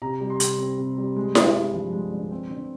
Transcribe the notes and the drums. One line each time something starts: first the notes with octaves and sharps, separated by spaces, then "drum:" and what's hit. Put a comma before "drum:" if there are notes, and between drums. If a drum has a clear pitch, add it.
C3 A#5
G3
C6
C3, drum: hi-hat
C4
C3
G3
G#3
D3, drum: snare E4
G2
F3
G#3
D3
C4
D3